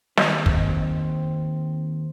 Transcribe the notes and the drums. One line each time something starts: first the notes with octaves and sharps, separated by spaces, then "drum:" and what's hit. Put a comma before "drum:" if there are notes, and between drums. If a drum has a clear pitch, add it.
D#2 C4 D#5, drum: snare
drum: kick